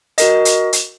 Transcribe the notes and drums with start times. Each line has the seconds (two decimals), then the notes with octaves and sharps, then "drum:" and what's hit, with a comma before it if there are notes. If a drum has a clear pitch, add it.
0.18 F#4 A#4 D#5, drum: hi-hat
0.45 drum: hi-hat
0.73 drum: hi-hat